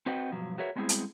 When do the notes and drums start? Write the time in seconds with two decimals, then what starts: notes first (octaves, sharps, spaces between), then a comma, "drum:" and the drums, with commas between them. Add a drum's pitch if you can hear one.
0.06 C4 F#4 B4 D#5 F#5 G5
0.31 G2 B2 F3 F#3
0.58 F#4 G#4 A#4 B4 C#5 E5
0.76 G3 G#3 B3 C4 E4 G#4
0.89 drum: hi-hat